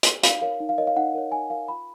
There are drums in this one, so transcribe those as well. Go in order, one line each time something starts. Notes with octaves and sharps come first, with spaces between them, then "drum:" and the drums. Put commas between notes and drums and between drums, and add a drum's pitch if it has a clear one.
drum: hi-hat
D#4 F5, drum: hi-hat
A#4 C#5 F5
D#4
F5
A#4 C#5 D#5
F5
D#4 F#5
A#4 C#5
D#4 G#5
A#4 C#5 F5
F4 B5